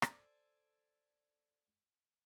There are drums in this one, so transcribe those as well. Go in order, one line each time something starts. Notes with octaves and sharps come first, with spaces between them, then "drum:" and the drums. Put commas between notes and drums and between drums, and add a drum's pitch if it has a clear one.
A4 C5 D5 G#5, drum: rim click